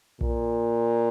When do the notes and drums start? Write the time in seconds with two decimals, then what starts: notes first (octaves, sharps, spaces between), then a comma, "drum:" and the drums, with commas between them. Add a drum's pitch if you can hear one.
0.21 A#2, drum: kick B1